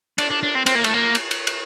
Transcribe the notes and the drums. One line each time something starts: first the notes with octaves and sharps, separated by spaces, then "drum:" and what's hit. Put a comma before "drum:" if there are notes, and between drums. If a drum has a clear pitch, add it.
D4, drum: cymbal
D4
D4
C4
C4, drum: cymbal
A#3
A3, drum: cymbal
A#3
drum: cymbal
drum: cymbal
drum: cymbal